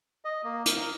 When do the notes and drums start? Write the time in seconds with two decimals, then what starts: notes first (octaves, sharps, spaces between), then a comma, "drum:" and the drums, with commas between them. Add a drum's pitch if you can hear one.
0.25 D#5
0.44 A#3
0.66 A#4, drum: hi-hat